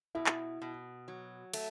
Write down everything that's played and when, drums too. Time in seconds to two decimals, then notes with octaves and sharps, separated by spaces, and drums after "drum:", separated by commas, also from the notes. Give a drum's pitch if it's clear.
0.15 B2 E4
0.26 drum: clap
0.62 B2
1.08 F#3
1.53 A3, drum: cymbal